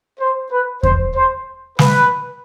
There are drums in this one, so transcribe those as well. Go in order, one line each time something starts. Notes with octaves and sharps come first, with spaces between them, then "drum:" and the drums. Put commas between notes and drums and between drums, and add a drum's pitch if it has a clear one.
C5
B4
C5, drum: kick E2
C5
B4, drum: snare